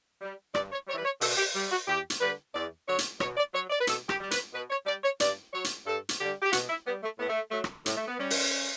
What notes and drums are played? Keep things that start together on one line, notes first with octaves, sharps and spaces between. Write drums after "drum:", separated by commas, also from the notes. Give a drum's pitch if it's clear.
G3
G2 D5, drum: rim click
C#5
G3 C#5
E3 B4
C#5
B2 A4, drum: open hi-hat
G4
G3
F#4
E2 G4
drum: hi-hat
D3 G3 B4
E2 D5
D3 F#3 C#5
drum: hi-hat
B2 C#5, drum: rim click
D5
F#3 C#5
D5
B4
B2 A4, drum: hi-hat
G4, drum: rim click
G3
B4, drum: hi-hat
B2 B4
C#5
G3 D5
C#5
G2 D5, drum: hi-hat
F#3 C#5
drum: hi-hat
G2 A4
drum: hi-hat
D3 G3 G4
G4
B2 F#4, drum: hi-hat
E4
G3 B3
A3
A2 B3
A3
F#3 A3
drum: rim click
A2, drum: hi-hat
A3
B3
G3 C#4
drum: open hi-hat